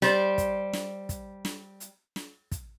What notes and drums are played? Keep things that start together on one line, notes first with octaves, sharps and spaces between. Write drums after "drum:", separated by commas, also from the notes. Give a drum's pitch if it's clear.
G3 C5, drum: snare
drum: kick, hi-hat
drum: snare
drum: kick, hi-hat
drum: snare
drum: hi-hat
drum: snare
drum: kick, hi-hat